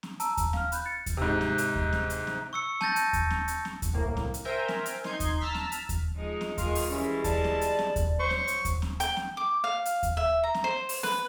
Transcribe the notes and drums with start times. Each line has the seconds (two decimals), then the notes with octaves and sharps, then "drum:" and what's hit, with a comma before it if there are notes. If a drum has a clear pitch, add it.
0.03 drum: snare C4
0.20 A5 A#5 E6, drum: hi-hat
0.37 drum: kick D#2, hi-hat
0.53 F5 F6, drum: snare C4
0.72 B5 F#6 G6, drum: hi-hat
0.85 A6 C#7
1.06 drum: kick D#2, hi-hat
1.17 G#2 C3
1.41 drum: snare C4
1.58 drum: hi-hat
1.75 drum: kick D#2
1.93 drum: snare C4
2.10 drum: hi-hat
2.27 drum: snare C4
2.53 C#6 E6 C#7
2.81 A5 G6 A6 A#6, drum: snare C4
2.96 drum: hi-hat
3.13 drum: kick D#2, hi-hat
3.30 drum: snare C4
3.48 drum: hi-hat
3.65 drum: snare C4
3.82 drum: kick D#2, hi-hat
3.93 C2 A2 A#3
4.17 drum: snare C4
4.34 drum: hi-hat
4.45 A#4 C5 E5 G5 G#5 A#5
4.68 drum: snare C4
4.86 drum: hi-hat
5.04 D#4 C6 G6 G#6, drum: snare C4
5.20 drum: kick D#2, hi-hat
5.41 A5 A#5 E6 F6 B6
5.55 drum: snare C4
5.72 drum: hi-hat
5.89 drum: kick D#2, hi-hat
6.15 F3 G#3 D#4
6.41 drum: snare C4
6.58 D#3 G#3 F4, drum: kick D#2, hi-hat
6.75 drum: open hi-hat
6.89 E3 G3 G#3 C#4 E4
7.24 D5 A5, drum: kick D#2, hi-hat
7.44 drum: snare C4
7.61 drum: hi-hat
7.79 drum: snare C4
7.96 drum: kick D#2, hi-hat
8.19 F#3 C5 C#6
8.30 drum: snare C4
8.48 drum: hi-hat
8.65 drum: kick D#2, hi-hat
8.82 drum: snare C4
9.00 G5, drum: hi-hat
9.17 drum: snare C4
9.37 D6
9.64 F5
9.85 drum: hi-hat
10.03 drum: kick D#2, hi-hat
10.17 E5
10.43 A#5
10.54 drum: snare C4
10.64 C5
10.89 drum: open hi-hat
11.03 B4, drum: snare C4